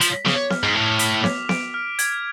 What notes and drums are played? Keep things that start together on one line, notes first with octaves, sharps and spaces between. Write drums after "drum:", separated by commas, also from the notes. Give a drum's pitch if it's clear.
F3 B6, drum: hi-hat
C#3 D6, drum: snare B3
F6, drum: snare B3
G#2
A2 F7
B6, drum: hi-hat
D6, drum: snare B3
D7, drum: snare B3
F6
G#6, drum: hi-hat